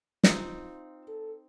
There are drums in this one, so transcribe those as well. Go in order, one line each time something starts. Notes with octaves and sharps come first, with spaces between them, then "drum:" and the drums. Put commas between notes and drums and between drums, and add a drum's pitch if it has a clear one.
C4 D#4 F4, drum: snare
A4